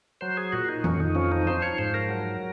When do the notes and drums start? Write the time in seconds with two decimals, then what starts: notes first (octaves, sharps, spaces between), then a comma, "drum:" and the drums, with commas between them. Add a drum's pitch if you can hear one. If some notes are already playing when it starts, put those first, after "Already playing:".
0.21 F#3 C5
0.37 G#4
0.52 A#2 F#4
0.69 D#4
0.84 F2 C#4, drum: tom D#3
1.00 D#4
1.15 F3 C#4
1.32 D#4
1.47 F3 C5
1.62 C#5
1.78 G#2 C5
1.94 A#4
2.09 F#3